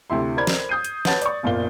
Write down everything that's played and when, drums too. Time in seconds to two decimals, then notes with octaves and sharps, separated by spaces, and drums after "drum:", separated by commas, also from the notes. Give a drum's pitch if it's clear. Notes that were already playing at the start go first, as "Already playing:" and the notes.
0.10 D2 C3 E4 C6
0.37 A#4 C5 D5 B5 G#6
0.47 drum: snare
0.69 D#6 G6 C7 D#7
0.84 drum: hi-hat
1.05 B4 C#5 F#5 A5 A6, drum: snare
1.22 D5 C#6, drum: hi-hat
1.43 F#1 B1 A#2 D5 F5 G7